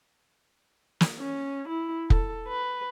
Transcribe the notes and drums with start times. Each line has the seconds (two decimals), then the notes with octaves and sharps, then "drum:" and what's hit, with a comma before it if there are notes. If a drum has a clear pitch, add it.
1.01 drum: snare
1.18 C#4
1.68 E4
2.10 A4, drum: kick F1
2.47 B4